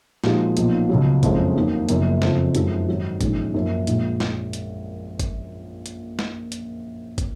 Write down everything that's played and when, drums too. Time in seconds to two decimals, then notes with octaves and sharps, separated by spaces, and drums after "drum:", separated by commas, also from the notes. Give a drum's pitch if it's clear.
0.24 A#2 F3 G#3 D#4 F#4, drum: snare
0.57 B1 A#2 F3, drum: hi-hat
0.89 C#2 B2 F#3
1.23 F#1 F2 F3 G#3 C#4, drum: kick, hi-hat
1.56 D#2 D#3 F#3 A#3 D#4
1.89 F#1 F#2 F3 A#3, drum: hi-hat
2.22 F#1 F2 F3, drum: snare
2.55 F#2 F3 G#3 D#4 F#4, drum: hi-hat
2.88 G#2 D#3 F#3
3.21 A#1 G#2 D#3 G#3 C#4, drum: kick, hi-hat
3.54 F#2 F3 A#3
3.87 A#1 A#2 G#3, drum: hi-hat
4.20 drum: snare
4.53 drum: hi-hat
5.19 drum: kick, hi-hat
5.86 drum: hi-hat
6.19 drum: snare
6.52 drum: hi-hat
7.18 drum: kick, hi-hat